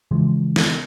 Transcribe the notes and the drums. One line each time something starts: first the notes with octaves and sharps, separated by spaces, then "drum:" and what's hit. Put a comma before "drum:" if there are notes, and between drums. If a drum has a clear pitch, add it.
C#3 E3 F3 G#3
drum: snare